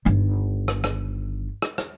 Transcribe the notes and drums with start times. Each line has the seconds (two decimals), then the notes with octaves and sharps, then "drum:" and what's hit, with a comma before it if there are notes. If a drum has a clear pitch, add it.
0.05 G1 D#3
0.68 drum: rim click
0.84 drum: rim click
1.62 drum: rim click
1.78 drum: rim click